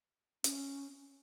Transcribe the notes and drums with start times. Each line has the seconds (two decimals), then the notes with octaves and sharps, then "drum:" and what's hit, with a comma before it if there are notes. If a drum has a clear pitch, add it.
0.44 C#4, drum: hi-hat